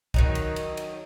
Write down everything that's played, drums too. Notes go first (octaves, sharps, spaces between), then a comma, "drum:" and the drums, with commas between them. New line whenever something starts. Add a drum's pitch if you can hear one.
D#3 F#3 D#4, drum: kick
drum: cymbal
drum: cymbal
drum: cymbal